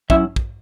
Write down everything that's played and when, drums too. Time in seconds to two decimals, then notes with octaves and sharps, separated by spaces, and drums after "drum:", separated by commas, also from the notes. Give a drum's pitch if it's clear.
0.10 F#3 C#4 E4 E5, drum: kick
0.36 drum: kick